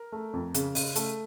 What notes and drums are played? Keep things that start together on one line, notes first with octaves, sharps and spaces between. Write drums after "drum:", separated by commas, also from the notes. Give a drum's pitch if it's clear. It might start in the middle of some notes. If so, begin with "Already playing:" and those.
Already playing: A#4
A3
F2
C#3, drum: hi-hat
C#3, drum: open hi-hat
A3, drum: hi-hat